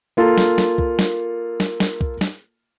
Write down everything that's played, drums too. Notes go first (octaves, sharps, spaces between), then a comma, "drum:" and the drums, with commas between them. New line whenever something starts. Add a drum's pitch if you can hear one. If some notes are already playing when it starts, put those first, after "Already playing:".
A#3 F4 A4
drum: snare
drum: snare
drum: kick B1
drum: snare
drum: snare
drum: snare
drum: kick B1
drum: snare